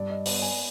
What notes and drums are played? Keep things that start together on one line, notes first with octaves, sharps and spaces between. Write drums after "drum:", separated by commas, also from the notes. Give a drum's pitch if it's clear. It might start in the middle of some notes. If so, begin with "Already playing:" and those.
Already playing: G2 D5
D#5
B3 D5, drum: open hi-hat
G#5